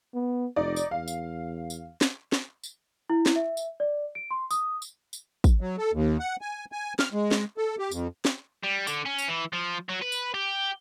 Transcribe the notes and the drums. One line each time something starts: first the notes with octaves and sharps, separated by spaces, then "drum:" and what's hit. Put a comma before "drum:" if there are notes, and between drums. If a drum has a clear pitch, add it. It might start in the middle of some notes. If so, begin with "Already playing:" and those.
B3
F1 D#4 D5
drum: tambourine
E2 F5
drum: tambourine
drum: tambourine
drum: snare
drum: snare
drum: tambourine
E4
drum: snare
E5
drum: tambourine
D5
D7
C6
D#6, drum: tambourine
drum: tambourine
drum: tambourine
drum: kick, tambourine
F#3
A4
D#2
F#5
G#5
G#5
F6, drum: snare
G#3
drum: snare
A4
G4
F2, drum: tambourine
drum: snare
G3
D3, drum: tambourine
C#4
drum: tambourine
E3
F3
F#3
B4
drum: tambourine
G4